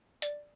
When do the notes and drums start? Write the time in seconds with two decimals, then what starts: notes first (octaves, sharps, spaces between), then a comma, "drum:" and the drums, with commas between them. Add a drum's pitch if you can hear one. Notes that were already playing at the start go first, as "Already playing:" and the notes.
0.22 D5, drum: hi-hat